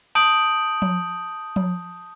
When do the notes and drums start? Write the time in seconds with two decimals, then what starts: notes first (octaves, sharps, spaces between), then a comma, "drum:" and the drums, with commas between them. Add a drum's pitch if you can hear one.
0.15 A5 D#6 G6 D7 F#7, drum: hi-hat
0.82 drum: tom F3
1.56 drum: tom F3